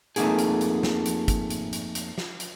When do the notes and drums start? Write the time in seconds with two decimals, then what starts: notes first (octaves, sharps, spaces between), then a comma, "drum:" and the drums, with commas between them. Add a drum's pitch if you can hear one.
0.16 F2 A3 A#3 D#4 G#4, drum: hi-hat
0.39 drum: hi-hat
0.61 drum: hi-hat
0.83 drum: snare
1.06 drum: hi-hat
1.28 drum: kick, hi-hat
1.50 drum: hi-hat
1.73 drum: hi-hat
1.95 drum: hi-hat
2.18 drum: snare
2.40 drum: hi-hat